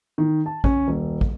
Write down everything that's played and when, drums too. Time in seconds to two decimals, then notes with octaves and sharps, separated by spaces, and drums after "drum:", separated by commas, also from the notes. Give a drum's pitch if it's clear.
0.18 D#3
0.46 A5
0.64 C#4, drum: kick
0.87 D#1
1.21 drum: kick